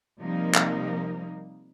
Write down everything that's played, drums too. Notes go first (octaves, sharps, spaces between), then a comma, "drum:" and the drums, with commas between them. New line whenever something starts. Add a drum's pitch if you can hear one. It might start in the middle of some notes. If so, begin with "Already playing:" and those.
C3 F3 G3 A#3 D#4 A#4
drum: clap